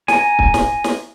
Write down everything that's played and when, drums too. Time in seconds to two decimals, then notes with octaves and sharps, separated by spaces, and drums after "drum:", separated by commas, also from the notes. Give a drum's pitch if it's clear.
0.08 G#5 A#5, drum: snare
0.39 drum: kick
0.54 drum: snare
0.84 drum: snare